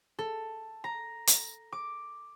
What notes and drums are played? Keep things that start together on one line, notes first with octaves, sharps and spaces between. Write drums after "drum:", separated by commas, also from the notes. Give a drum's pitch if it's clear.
A4
A#5
drum: hi-hat
D6